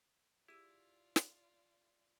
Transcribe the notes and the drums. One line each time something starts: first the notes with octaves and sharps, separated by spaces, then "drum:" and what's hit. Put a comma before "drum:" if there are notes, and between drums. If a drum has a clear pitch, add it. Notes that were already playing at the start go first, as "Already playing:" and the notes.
E4 F4 G4 G#4 D5 E6 D#7
drum: snare